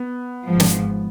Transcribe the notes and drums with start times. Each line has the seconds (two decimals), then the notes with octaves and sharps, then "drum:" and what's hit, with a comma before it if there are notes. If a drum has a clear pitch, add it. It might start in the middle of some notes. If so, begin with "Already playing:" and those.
Already playing: B3
0.47 G#1 G#2 F3
0.60 drum: snare